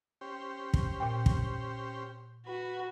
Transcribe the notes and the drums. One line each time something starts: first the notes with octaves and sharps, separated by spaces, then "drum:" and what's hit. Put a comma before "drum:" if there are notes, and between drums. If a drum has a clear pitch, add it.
C#4 G4 C5
drum: kick
A#2 G5
drum: kick
F#4 B4